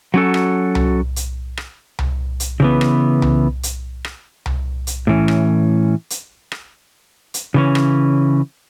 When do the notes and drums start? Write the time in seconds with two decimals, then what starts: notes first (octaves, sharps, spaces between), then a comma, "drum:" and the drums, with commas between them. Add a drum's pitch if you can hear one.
0.14 F#3 C#4 F#4 A4
0.34 drum: rim click
0.75 drum: tom C2
1.16 drum: hi-hat
1.57 drum: rim click
1.99 drum: tom C2
2.40 drum: hi-hat
2.60 C#3 E3 B3
2.81 drum: rim click
3.22 drum: tom C2
3.63 drum: hi-hat
4.05 drum: rim click
4.46 drum: tom C2
4.87 drum: hi-hat
5.07 A2 E3 C#4
5.28 drum: rim click
6.10 drum: hi-hat
6.52 drum: rim click
7.34 drum: hi-hat
7.54 C#3 E3 C#4
7.75 drum: rim click